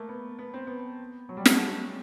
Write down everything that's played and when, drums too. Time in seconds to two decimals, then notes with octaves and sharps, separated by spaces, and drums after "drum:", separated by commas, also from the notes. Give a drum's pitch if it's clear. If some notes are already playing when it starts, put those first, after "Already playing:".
Already playing: A3 A#3
0.09 B3
0.39 B3
0.54 C4
0.67 B3
1.29 F#3
1.37 G3
1.45 G#3, drum: snare
1.52 A3